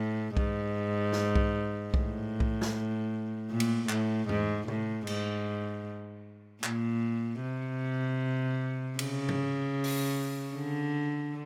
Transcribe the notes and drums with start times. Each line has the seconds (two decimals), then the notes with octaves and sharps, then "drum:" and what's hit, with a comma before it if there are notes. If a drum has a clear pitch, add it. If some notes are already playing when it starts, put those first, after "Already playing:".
Already playing: A2
0.37 G#2, drum: kick B1
1.12 drum: snare
1.35 drum: kick B1
1.94 A2, drum: kick B1
2.40 drum: kick B1
2.61 drum: snare
3.50 A#2
3.60 drum: cymbal
3.89 A2, drum: clap
4.29 G#2, drum: tom E2
4.68 A2, drum: tom C3
5.07 G#2, drum: cymbal
6.64 A#2, drum: clap
7.42 C3
8.99 C#3, drum: cymbal
9.29 drum: tom G#2
9.84 drum: open hi-hat
10.55 D3